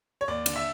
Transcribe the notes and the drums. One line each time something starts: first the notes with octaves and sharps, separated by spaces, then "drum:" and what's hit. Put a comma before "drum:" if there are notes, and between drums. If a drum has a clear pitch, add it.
C#5
D#2 D5
D3, drum: cymbal
E5